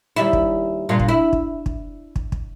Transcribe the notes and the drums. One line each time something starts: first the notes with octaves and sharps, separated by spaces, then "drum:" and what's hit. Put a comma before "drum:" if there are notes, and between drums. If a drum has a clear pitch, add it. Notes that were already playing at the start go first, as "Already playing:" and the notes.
D#2 G3 E4
drum: kick
G2 A#2 F4
drum: kick
E4
drum: kick
drum: kick
drum: kick
drum: kick